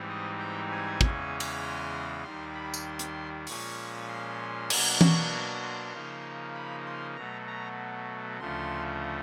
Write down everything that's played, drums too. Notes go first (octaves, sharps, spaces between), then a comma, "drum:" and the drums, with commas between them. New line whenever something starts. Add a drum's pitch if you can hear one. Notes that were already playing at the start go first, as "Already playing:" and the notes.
Already playing: G#2 E3 G3 C4 D#4
D#5
G5
G#5
E2 C#3 E3 G#3 C#4, drum: kick
drum: cymbal
C6
D#2 D#3 G3 C6
B5
drum: tambourine
C6
drum: hi-hat
A#2 F3 G#3 C#4 C#6, drum: open hi-hat
C6
B2 F#3 A#3 D4, drum: cymbal
C#6, drum: tom E3
C6
C#3 F3 A#3 D#4
B5
C6
B2 F#3 A3 A#5
A#5
D2 C#3 F3 A3 C6